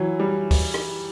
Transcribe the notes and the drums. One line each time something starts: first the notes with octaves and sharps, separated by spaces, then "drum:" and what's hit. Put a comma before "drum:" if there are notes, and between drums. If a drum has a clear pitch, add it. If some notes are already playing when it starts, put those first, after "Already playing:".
Already playing: E3 F#3
G3
drum: kick, open hi-hat
drum: rim click